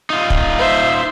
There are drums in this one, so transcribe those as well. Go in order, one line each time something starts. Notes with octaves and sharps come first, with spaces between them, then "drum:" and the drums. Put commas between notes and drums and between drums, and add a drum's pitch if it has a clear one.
D#4 F4
drum: kick
C5 E5